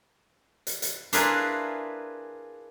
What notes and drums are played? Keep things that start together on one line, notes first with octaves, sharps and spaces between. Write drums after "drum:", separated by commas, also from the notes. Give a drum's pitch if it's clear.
drum: hi-hat
drum: hi-hat
D4 E4 F4 G#4 A#4 B4, drum: hi-hat